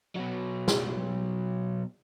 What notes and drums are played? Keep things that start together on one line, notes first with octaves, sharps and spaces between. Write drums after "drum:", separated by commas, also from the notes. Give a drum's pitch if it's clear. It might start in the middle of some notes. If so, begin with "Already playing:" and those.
B2 F#3
drum: snare